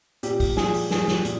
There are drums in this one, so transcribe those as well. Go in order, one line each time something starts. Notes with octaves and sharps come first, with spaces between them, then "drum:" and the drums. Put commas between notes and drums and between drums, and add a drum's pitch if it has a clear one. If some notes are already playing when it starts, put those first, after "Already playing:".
A#2 G4, drum: hi-hat
drum: kick, open hi-hat
F3 G#4, drum: snare
drum: open hi-hat
F3 G#4, drum: snare
drum: snare
A#2, drum: hi-hat